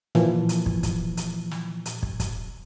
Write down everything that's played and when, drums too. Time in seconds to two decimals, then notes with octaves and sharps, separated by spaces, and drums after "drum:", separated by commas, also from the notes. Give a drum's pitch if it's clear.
0.15 A#2 E3 F3, drum: snare
0.49 drum: hi-hat
0.66 drum: kick
0.83 drum: kick, hi-hat
1.17 drum: hi-hat
1.51 drum: snare
1.86 drum: hi-hat
2.03 drum: kick
2.20 drum: kick, hi-hat